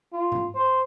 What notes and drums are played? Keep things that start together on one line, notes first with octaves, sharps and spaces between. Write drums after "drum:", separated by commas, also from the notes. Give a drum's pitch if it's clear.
F4
drum: tom G#2
C5